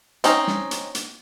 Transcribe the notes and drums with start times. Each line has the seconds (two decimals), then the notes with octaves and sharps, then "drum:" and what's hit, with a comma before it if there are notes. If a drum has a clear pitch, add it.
0.24 C4 C#4 D#4, drum: hi-hat
0.47 drum: snare
0.71 drum: hi-hat
0.95 drum: hi-hat